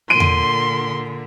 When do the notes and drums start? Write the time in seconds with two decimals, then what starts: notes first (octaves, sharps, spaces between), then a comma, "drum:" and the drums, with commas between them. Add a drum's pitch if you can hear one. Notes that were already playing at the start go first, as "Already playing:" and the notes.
0.10 A#2 D3 C6 D7 D#7
0.20 drum: tom E2